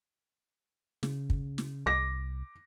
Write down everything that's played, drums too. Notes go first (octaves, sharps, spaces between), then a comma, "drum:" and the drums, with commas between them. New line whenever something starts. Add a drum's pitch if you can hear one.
C#3, drum: snare
drum: kick
drum: snare
C2 D6 A#6